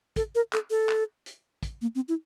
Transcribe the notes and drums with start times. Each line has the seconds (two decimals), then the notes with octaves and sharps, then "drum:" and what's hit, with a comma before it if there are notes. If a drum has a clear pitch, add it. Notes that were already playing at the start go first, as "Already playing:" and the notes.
0.16 A4, drum: kick, hi-hat
0.35 A#4
0.53 A4, drum: clap
0.70 A4
0.89 drum: clap
1.26 drum: hi-hat
1.63 drum: kick, hi-hat
1.81 A#3
1.95 C4
2.08 E4